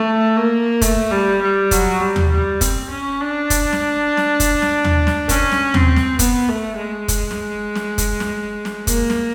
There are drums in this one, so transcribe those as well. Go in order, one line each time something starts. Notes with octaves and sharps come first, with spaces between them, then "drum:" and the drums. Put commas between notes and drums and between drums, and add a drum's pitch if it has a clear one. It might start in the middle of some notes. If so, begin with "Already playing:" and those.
Already playing: A3
A#3
A3, drum: kick, hi-hat
G3
G3
F#3, drum: kick, hi-hat
G3
drum: tom D#2
G3
C4, drum: kick, hi-hat
C#4
D4
drum: kick, hi-hat
drum: snare
drum: snare
drum: kick, hi-hat
drum: snare
drum: tom D#2
drum: snare
C#4, drum: kick, hi-hat
drum: snare
C4, drum: tom D#2
drum: snare
B3, drum: kick, hi-hat
A3
G#3
drum: kick, hi-hat
drum: snare
drum: snare
drum: kick, hi-hat
drum: snare
drum: snare
A#3, drum: kick, hi-hat
drum: snare